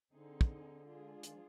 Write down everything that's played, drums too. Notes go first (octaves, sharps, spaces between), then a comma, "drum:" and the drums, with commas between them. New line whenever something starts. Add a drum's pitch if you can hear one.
D3 C4 D#4 G#4
drum: kick
G#3 D4 F4 G#4
D#3, drum: hi-hat
F3